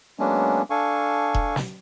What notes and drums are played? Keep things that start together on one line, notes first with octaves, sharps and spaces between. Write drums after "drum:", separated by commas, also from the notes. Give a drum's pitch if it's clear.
F#3 G#3 A#3 B3 C#4 D4
D4 A4 F5 G#5 C#6
drum: kick E1
drum: snare